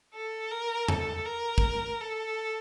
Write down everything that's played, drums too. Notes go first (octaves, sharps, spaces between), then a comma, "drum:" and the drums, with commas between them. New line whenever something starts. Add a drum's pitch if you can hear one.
A4
A#4
A4, drum: tom E2
A#4
drum: kick
A4